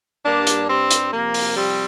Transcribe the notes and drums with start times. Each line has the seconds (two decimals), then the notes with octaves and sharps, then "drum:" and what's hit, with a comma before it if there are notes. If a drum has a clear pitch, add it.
0.25 G2 G3 A#3 D4
0.47 drum: hi-hat
0.69 G3 C4
0.91 drum: hi-hat
1.12 C3 F3 A#3
1.34 drum: open hi-hat
1.56 G3 C4